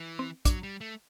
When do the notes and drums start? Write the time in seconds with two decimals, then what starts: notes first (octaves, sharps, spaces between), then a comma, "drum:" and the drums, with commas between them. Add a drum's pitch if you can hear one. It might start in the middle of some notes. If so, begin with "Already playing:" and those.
Already playing: E3
0.19 C4
0.45 F#3 D4, drum: kick, hi-hat
0.63 G3
0.81 A3